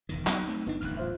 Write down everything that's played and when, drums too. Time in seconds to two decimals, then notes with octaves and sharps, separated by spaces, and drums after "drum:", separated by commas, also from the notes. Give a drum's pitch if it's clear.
0.09 E1 E2 D#3
0.27 F#3 B3 C#4 D#4, drum: clap
0.48 A3 C4
0.66 G1 B3 D4 D#4
0.81 D1 A1 F2 F6 F#6
0.97 F4 C5 E5